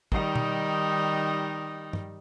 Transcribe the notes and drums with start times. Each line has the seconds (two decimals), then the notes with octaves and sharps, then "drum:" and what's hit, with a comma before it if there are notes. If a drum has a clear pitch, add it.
0.12 D#3 G3 D#4, drum: kick
0.35 drum: tom B2
1.93 drum: tom